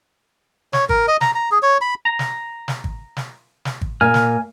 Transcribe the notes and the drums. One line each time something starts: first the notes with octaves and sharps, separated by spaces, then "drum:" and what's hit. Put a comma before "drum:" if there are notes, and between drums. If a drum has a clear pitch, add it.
C#5, drum: snare
A#4, drum: kick G#1
D#5
A#5, drum: snare
A#5
G#4
C#5
B5
A#5
drum: snare
drum: snare
drum: kick G#1
drum: snare
drum: snare
drum: kick G#1
A#2 G#5 F6
drum: snare